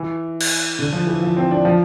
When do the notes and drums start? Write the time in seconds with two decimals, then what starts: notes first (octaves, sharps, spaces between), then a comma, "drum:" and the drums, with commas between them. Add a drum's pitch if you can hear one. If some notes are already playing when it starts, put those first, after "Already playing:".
Already playing: E3
0.41 drum: cymbal
0.79 D3
0.93 F3
1.07 E3
1.22 F3
1.37 C4
1.51 D4
1.65 F3